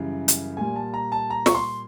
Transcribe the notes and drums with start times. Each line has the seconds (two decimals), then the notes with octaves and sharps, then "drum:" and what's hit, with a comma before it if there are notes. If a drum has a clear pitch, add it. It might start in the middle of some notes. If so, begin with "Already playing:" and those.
Already playing: F#2 C#3 E3 G3
0.28 drum: hi-hat
0.57 A#2 G3 G#5
0.76 A5
0.94 A#5
1.12 A5
1.30 A#5
1.46 C#6, drum: snare
1.55 C6